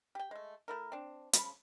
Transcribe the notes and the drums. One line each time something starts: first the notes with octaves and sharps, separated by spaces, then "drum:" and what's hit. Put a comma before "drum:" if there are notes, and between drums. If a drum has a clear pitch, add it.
G4 G5
G#3 A3
A3 E4 A#4
C4 D4
C#3 F3 F4 B5, drum: hi-hat